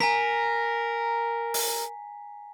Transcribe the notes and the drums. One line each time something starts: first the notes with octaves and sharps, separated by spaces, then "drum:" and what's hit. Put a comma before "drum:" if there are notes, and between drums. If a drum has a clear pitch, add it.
A#4 G#5 A#5 B6
drum: open hi-hat